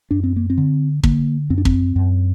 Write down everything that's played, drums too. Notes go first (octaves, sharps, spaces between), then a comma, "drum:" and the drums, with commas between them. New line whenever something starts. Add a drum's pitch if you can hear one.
F#2 D4
C4
A#3
C4
D3
D3 A#3, drum: kick
F#2 C4
D4
C4, drum: kick
F#2